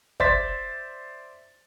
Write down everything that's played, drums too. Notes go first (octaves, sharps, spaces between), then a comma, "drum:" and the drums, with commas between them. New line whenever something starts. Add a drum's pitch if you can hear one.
C5 D5 E5 C6 A6 B6, drum: kick